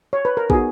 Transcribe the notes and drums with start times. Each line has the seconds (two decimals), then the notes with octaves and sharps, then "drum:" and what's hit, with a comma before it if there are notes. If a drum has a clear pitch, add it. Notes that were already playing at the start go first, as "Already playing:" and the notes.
0.13 C#5
0.25 B4
0.37 A#4
0.50 B3 D#4 F#4 G#4, drum: kick